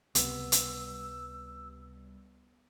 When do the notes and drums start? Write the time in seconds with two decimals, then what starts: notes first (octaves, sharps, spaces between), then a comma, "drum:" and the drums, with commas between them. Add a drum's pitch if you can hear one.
0.15 C#2 C3 G3 B3 E6, drum: hi-hat
0.52 drum: hi-hat